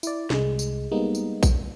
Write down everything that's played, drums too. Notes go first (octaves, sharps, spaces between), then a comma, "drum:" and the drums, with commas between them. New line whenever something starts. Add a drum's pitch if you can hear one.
E4 D5, drum: tambourine
C2 G#3, drum: snare
drum: tambourine
G3 G#3 A#3 B3 D#4
drum: tambourine
drum: kick A#1, tambourine